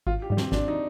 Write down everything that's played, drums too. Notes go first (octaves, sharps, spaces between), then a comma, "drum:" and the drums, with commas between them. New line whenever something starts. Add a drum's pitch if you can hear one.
G#1 F4
G4
G#2 G3
C4, drum: snare
G#1 D4, drum: snare
D#4